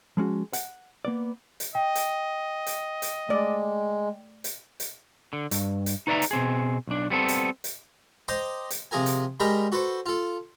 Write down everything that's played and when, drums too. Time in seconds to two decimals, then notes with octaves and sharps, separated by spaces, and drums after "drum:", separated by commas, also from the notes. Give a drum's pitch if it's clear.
0.17 F3 G#3 C#4 F#4
0.53 F#5, drum: hi-hat
1.05 A#3 B3 D5
1.60 drum: hi-hat
1.75 D#5 G5
1.95 drum: hi-hat
2.67 drum: hi-hat
3.02 drum: hi-hat
3.29 G#3 A3 D5
4.44 drum: hi-hat
4.80 drum: hi-hat
5.33 D3
5.51 G2, drum: hi-hat
5.86 drum: hi-hat
6.07 D#4 B4 D5 E5 A#5
6.22 drum: hi-hat
6.31 B2 C4 G#4
6.87 B1 D4
7.10 G3 B3 C4 A4
7.28 drum: hi-hat
7.64 drum: hi-hat
8.28 C5 D#5 G5 A#5 C6 D6
8.70 drum: hi-hat
8.91 C3 F3 G#4 A#4 G#5
9.06 drum: hi-hat
9.40 G3 G#3 A#4 G5 A#5 B5
9.72 F#4 A4 B4 C5
10.06 F4 A4